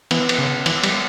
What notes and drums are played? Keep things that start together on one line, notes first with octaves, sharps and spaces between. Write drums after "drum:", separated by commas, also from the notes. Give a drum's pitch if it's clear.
E3 B3, drum: cymbal
drum: cymbal
C#3
E3, drum: cymbal
G3, drum: cymbal